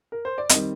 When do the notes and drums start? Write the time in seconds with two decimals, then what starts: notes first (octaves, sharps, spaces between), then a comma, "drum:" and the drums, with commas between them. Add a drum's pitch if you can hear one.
0.12 A#4
0.25 C5
0.38 D5
0.49 D#3 G3 C4 D#5, drum: hi-hat